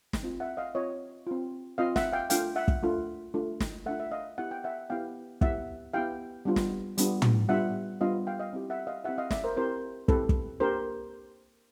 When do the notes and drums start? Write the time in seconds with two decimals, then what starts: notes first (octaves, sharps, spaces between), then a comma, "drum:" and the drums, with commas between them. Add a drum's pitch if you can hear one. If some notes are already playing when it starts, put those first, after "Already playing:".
0.13 drum: snare
0.23 C4 F4
0.40 E5 F#5
0.57 D#5 F5
0.75 C4 F4 C#5 D#5
1.27 C4 F4
1.78 C4 F4 D#5 F5
1.96 E5 F#5, drum: snare
2.13 F5 G5
2.30 A3 D4 F4 F5 G5, drum: hi-hat
2.56 E5 F#5
2.68 drum: kick
2.83 A3 D4 F4
3.34 A3 D4 F4
3.60 drum: snare
3.86 A3 D4 F4 E5 F#5
4.00 E5
4.11 D#5 F5
4.38 B3 E4 G4 F#5
4.51 G5
4.64 E5 F#5
4.90 B3 E4 G4 F5 G5
5.41 B3 E4 G4 E5 F#5, drum: kick
5.94 B3 E4 G4 F5 G5
6.45 G3 B3 D4 F4
6.56 drum: snare
6.98 G3 B3 D4 F4, drum: hi-hat
7.22 drum: tom
7.49 G3 B3 D4 F4 E5 F#5
8.01 G3 B3 D4 F4 D#5 F5
8.27 F5 G5
8.40 D#5 F5
8.53 C4 E4 G4
8.70 E5 F#5
8.87 D#5 F5
9.04 C4 E4 G4 E5 F#5
9.18 D#5 F5
9.31 D5 E5, drum: snare
9.44 A#4 C5
9.57 C4 E4 G4 A#4 C5
10.08 C4 E4 G4 A4 B4, drum: kick
10.29 drum: kick
10.60 A#3 D4 G4 A#4 C5